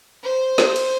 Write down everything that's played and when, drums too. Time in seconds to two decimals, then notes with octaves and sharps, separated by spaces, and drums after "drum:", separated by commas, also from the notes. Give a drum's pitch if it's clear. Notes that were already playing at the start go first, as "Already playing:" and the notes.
0.23 C5
0.58 drum: snare
0.76 drum: cymbal